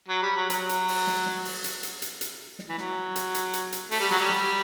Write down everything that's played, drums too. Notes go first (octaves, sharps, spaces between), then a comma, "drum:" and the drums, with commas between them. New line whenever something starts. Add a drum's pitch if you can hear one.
F#3
G3
F#3
F#3, drum: hi-hat
drum: hi-hat
drum: open hi-hat
drum: snare
drum: snare
drum: open hi-hat
drum: hi-hat
drum: hi-hat
drum: hi-hat
drum: hi-hat
drum: snare
E3
F#3, drum: snare
drum: hi-hat
drum: hi-hat
drum: hi-hat
drum: hi-hat
A3, drum: open hi-hat
G3
F#3, drum: snare
G3
drum: snare